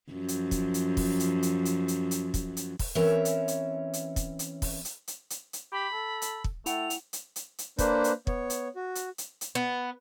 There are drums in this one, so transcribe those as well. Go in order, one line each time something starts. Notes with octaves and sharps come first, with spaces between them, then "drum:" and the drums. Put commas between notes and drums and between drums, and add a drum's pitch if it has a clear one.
F#2 F3
drum: hi-hat
drum: kick, hi-hat
drum: hi-hat
drum: kick, open hi-hat
drum: hi-hat
drum: hi-hat
drum: hi-hat
drum: hi-hat
drum: hi-hat
drum: kick, hi-hat
drum: hi-hat
drum: kick, open hi-hat
E3 C4 C#4 A#4 C#5 E5
drum: hi-hat
drum: hi-hat
drum: hi-hat
drum: kick, hi-hat
drum: hi-hat
drum: kick, open hi-hat
drum: hi-hat
drum: hi-hat
drum: hi-hat
drum: hi-hat
G4 B5
A4
drum: hi-hat
drum: kick
A3 E4 F#5 G5 F7, drum: hi-hat
drum: hi-hat
drum: hi-hat
drum: hi-hat
drum: hi-hat
A#3 D4 B4 C5, drum: kick, hi-hat
drum: hi-hat
B3 C#5, drum: kick
drum: hi-hat
F#4
drum: hi-hat
drum: hi-hat
drum: hi-hat
B3